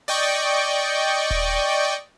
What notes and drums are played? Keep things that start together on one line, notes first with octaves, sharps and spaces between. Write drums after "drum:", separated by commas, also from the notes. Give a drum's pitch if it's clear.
D5 D#5 G5 C#6, drum: open hi-hat
drum: kick D#1